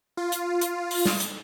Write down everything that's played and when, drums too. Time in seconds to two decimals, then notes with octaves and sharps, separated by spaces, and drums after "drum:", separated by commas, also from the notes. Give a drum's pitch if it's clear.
0.17 F4
0.32 drum: hi-hat
0.61 drum: hi-hat
0.91 drum: open hi-hat
1.05 drum: snare
1.20 drum: hi-hat